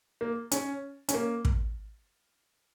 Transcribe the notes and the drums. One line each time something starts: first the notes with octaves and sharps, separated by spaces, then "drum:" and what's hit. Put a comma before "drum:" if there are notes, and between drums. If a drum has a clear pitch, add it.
A#3
C#4, drum: hi-hat
C#4, drum: hi-hat
A#3
drum: kick